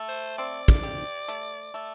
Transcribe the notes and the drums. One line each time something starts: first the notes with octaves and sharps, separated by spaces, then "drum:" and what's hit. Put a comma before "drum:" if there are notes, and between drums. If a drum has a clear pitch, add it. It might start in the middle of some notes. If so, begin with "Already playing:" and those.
Already playing: A3
C5
C4 D5
drum: kick, hi-hat
G4
A3, drum: hi-hat
A3